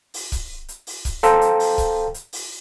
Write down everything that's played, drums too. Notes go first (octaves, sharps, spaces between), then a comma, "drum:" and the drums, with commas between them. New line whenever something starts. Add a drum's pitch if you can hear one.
drum: open hi-hat
drum: kick C#1, hi-hat
drum: hi-hat
drum: open hi-hat
drum: kick C#1, hi-hat
A4 C5 F5 G5 A5 A#5, drum: hi-hat
drum: hi-hat
drum: open hi-hat
drum: kick C#1, hi-hat
drum: hi-hat
drum: open hi-hat